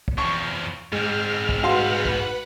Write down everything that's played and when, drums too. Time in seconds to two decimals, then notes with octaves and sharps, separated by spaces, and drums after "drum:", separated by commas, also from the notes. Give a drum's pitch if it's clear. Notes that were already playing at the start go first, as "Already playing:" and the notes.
0.08 drum: kick
0.18 E2 F3 C#6
0.93 G#2 G#3 C4 F6
1.49 drum: kick
1.63 F#4 B4 F5 F#5 B5 C6
2.05 drum: kick